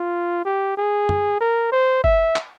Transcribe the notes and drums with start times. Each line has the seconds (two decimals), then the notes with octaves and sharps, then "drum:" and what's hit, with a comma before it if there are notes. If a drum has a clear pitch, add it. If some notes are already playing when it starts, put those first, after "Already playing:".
Already playing: F4
0.45 G4
0.78 G#4
1.09 drum: tom
1.41 A#4
1.72 C5
2.04 E5, drum: kick
2.36 drum: clap